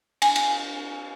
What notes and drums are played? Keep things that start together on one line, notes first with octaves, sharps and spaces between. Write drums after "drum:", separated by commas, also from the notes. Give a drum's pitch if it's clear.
G#5, drum: cymbal
drum: cymbal